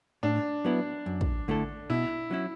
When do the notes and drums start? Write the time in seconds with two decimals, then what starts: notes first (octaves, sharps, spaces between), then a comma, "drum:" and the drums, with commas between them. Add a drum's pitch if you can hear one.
0.23 A2 D4
0.65 F#3 B3 E4
1.06 F#2
1.21 drum: kick
1.48 D3 A3 E4 A4
1.90 B2 E4
2.31 F#3 C#4 E4